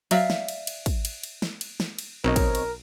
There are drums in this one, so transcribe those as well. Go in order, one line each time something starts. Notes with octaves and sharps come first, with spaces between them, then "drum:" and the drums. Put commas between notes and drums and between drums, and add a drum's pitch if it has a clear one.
F#3 D5 E5 F5, drum: cymbal
drum: snare
drum: cymbal
drum: cymbal
drum: kick, cymbal
drum: cymbal
drum: cymbal
drum: snare
drum: cymbal
drum: snare
drum: cymbal
B1 C4 A#4 C#5 D#5
drum: kick, cymbal
drum: cymbal